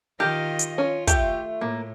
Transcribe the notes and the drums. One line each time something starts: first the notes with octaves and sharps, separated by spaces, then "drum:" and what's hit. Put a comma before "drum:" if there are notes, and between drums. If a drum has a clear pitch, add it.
D#3 F4 G4 D#5 F5
drum: hi-hat
C#4 F4
A3 G4, drum: kick, hi-hat
A2 A#3